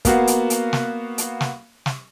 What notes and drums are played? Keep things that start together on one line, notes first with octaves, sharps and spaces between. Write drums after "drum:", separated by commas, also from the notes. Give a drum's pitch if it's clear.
A#3 B3 F#4 F5, drum: kick, hi-hat
drum: hi-hat
drum: hi-hat
drum: snare
drum: hi-hat
drum: snare
drum: snare